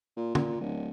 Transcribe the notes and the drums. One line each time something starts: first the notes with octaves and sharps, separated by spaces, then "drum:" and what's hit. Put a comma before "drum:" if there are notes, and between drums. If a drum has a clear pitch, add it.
A#2
A#2, drum: tom
D1